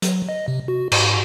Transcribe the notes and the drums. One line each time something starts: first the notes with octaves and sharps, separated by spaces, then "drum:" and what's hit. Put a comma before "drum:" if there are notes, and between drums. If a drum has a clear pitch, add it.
F#3, drum: hi-hat
D#5
C3
F#4
G#2, drum: cymbal